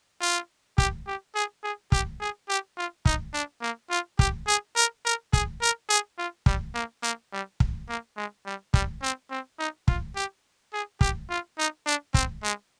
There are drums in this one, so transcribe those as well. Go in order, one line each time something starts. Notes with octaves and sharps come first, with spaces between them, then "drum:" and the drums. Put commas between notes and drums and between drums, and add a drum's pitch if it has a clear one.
F4
G4, drum: kick
G4
G#4
G#4
G4, drum: kick
G#4
G4
F4
D#4, drum: kick
D4
A#3
F4
G4, drum: kick
G#4
A#4
A#4
G#4, drum: kick
A#4
G#4
F4
G3, drum: kick
A#3
A#3
G3
drum: kick
A#3
G#3
G3
G3, drum: kick
C4
C4
D#4
F4, drum: kick
G4
G#4
G4, drum: kick
F4
D#4
D4
C4, drum: kick
G#3